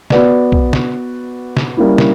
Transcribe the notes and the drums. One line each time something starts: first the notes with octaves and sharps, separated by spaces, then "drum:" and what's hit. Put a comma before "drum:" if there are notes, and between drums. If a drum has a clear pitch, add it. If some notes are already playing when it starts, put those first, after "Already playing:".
B3 F#4 B4 D5, drum: snare
drum: kick
drum: snare
drum: snare
G3 A#3 C#4 E4
drum: snare